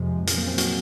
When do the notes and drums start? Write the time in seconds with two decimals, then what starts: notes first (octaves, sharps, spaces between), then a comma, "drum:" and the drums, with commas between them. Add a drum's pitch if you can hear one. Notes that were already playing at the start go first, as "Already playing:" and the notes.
Already playing: F2 C3 F3 G#3
0.27 A#2 F#3 C#4, drum: hi-hat
0.38 A#3
0.48 C4
0.58 F#4, drum: hi-hat